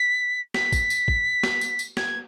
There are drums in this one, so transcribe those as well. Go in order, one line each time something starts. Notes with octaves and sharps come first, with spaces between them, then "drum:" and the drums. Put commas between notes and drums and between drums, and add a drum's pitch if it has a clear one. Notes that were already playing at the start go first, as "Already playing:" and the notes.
Already playing: B6
B6, drum: snare
drum: kick, tambourine
drum: tambourine
drum: kick
drum: snare
drum: tambourine
drum: tambourine
G#6, drum: snare